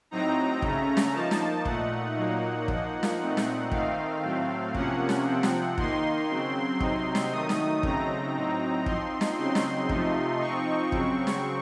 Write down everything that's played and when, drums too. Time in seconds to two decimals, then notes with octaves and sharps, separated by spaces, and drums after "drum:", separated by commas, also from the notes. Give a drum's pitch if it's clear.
0.11 A2 F#3 C4 D#4 A#5
0.62 C#3 A3 C#4, drum: kick
0.97 drum: snare
1.14 F3 A#3 D#4 A5
1.31 drum: snare
1.65 A#2 A3 D#4 F#5, drum: kick
2.17 A#2 F#3 A#3 D#4
2.68 F3 A#3 D#4, drum: kick
3.03 drum: snare
3.20 A#2 A3 C4 D#4
3.37 drum: snare
3.72 D#3 A3 C4 D#4 F5, drum: kick
4.23 A2 F#3 A3 C4
4.75 C3 F3 A#3 C#4 F#5, drum: kick
5.09 drum: snare
5.26 C3 F3 C4
5.43 drum: snare
5.78 D#3 A#3 D#4 C6, drum: kick
6.29 C#3 F#3 C4
6.80 C3 F#3 C4 D#4, drum: kick
7.15 drum: snare
7.32 D#3 F#3 A3 D#4 D#6
7.49 drum: snare
7.83 C#3 F#3 A3 C4 D#4 A#5, drum: kick
8.35 A2 F#3 C4 D#4
8.86 F3 C4 D#4 C6, drum: kick
9.21 drum: snare
9.38 C#3 F#3 C4 D#4 C6
9.55 drum: snare
9.89 C3 F3 A3 D#4, drum: kick
10.41 F3 C4 D#4 C#6
10.92 C#3 F#3 C4, drum: kick
11.27 drum: snare